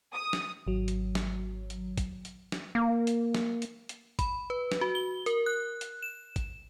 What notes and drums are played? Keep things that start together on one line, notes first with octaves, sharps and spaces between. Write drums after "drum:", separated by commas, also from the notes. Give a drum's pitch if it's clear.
D#6
drum: snare
G#1 F#3
drum: hi-hat
drum: snare
drum: hi-hat
drum: kick, hi-hat
drum: hi-hat
drum: snare
A#3
drum: hi-hat
drum: snare
drum: hi-hat
drum: hi-hat
B5, drum: kick, hi-hat
B4
drum: snare
F#4
G7
A#4, drum: hi-hat
F#6
drum: hi-hat
E7
drum: kick, hi-hat